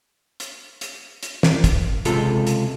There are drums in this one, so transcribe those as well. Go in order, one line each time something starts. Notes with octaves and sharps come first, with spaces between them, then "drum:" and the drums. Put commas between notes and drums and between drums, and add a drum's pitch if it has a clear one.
drum: hi-hat
drum: hi-hat
drum: hi-hat
drum: snare
drum: kick, hi-hat
C#2 C3 G#3 F4 A4, drum: hi-hat
drum: hi-hat